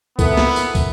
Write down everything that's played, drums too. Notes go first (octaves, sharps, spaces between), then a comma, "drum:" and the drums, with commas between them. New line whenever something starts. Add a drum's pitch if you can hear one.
B3 E4 A4 A#4, drum: kick, tambourine
drum: snare
drum: tambourine
drum: kick, tambourine